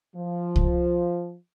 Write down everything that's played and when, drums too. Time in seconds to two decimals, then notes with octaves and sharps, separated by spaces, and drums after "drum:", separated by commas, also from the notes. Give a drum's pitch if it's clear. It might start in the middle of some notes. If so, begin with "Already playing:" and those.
0.16 F3
0.56 drum: kick C2